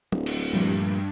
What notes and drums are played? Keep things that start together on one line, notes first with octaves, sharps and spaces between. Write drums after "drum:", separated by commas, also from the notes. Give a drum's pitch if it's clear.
D1, drum: tom
drum: cymbal
G2 A#2 F3 A3